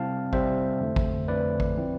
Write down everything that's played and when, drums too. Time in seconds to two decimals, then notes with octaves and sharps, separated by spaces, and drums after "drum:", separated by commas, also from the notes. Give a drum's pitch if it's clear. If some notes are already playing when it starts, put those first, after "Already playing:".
Already playing: C3 G3 C4 E4 F5 A5
0.33 C3 G3 C4 E4 C5 E5, drum: kick
0.80 F2 D3 A3
0.96 drum: kick
1.28 F2 D3 A3 B4 D5
1.60 drum: kick
1.76 F3 C4 E4